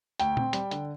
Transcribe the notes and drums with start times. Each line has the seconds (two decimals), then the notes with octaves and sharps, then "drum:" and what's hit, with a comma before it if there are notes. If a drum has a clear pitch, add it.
0.20 D2 G5, drum: hi-hat
0.37 C4, drum: tom
0.53 G3, drum: hi-hat
0.71 D3, drum: hi-hat